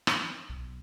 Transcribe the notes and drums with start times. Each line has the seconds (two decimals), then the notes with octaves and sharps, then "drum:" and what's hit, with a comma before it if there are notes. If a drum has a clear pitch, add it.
0.07 drum: rim click
0.49 B1